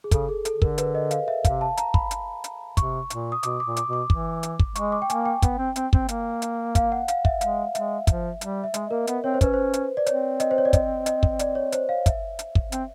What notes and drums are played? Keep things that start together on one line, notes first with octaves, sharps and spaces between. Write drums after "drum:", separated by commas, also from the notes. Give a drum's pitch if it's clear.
G#4
C#3 A4, drum: kick, hi-hat
G#4
A4, drum: hi-hat
D3
A#4, drum: kick
B4, drum: hi-hat
D#5
F5, drum: hi-hat
E5
C3 F5, drum: kick, hi-hat
A5
A#5, drum: hi-hat
B5, drum: kick
drum: hi-hat
drum: hi-hat
C3 C#6, drum: kick, hi-hat
A#2, drum: hi-hat
D#6
B2 D6, drum: hi-hat
D6
A#2
D6, drum: hi-hat
B2
D6
E3, drum: kick
drum: hi-hat
drum: kick
G#3 C#6, drum: hi-hat
D6
G5
A#3 G#5, drum: hi-hat
G5
B3, drum: kick, hi-hat
C4
C4, drum: hi-hat
C4, drum: kick
A#3, drum: hi-hat
drum: hi-hat
F5, drum: kick, hi-hat
F#5
F5, drum: hi-hat
E5, drum: kick
G#3 F5, drum: hi-hat
G#3 E5, drum: hi-hat
F3, drum: kick, hi-hat
G3, drum: hi-hat
E5
G#3 D#5, drum: hi-hat
A#3 A#4
B3, drum: hi-hat
C4 C#5
C5
C#4 B4, drum: kick, hi-hat
C5
drum: hi-hat
D5
C4 C#5, drum: hi-hat
D#5, drum: hi-hat
C5
C#5
D5
D#5, drum: kick, hi-hat
D#5, drum: hi-hat
drum: kick
D5, drum: hi-hat
C#5
C5, drum: hi-hat
F5
E5, drum: kick, hi-hat
drum: hi-hat
drum: kick
C4, drum: hi-hat